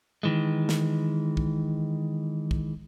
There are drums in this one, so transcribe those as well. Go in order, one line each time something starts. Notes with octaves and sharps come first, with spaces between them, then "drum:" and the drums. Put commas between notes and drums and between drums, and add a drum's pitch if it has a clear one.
D#3 E3 G#3
drum: snare
drum: kick
drum: kick